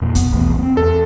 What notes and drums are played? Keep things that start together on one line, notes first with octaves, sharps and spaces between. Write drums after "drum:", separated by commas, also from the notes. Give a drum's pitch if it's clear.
F2 A#2
B3, drum: kick, hi-hat
B1 E2 A2
B3 C4
E2 A4